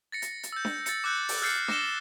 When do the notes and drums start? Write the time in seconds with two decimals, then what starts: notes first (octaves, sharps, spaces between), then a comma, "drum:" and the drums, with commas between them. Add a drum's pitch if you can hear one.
0.12 A6 A#6 C#7
0.22 drum: hi-hat
0.43 drum: hi-hat
0.52 E6 G6
0.65 drum: snare D4
0.86 A6 C#7, drum: hi-hat
1.04 D6 E6 F#6 G6 C#7
1.29 drum: open hi-hat
1.42 E6 F6 G6 A6 C7 C#7
1.68 D6 A#6 C#7 E7 G7, drum: snare D4